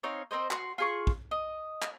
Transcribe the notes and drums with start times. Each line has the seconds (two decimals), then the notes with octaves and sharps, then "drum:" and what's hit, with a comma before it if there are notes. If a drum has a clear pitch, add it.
0.03 C4 D#4 C#5 F5
0.31 C4 A#4 C5 D#5
0.51 F#4 C6, drum: clap
0.78 F4 G#4 C#6
1.07 drum: kick
1.31 D#5
1.82 drum: clap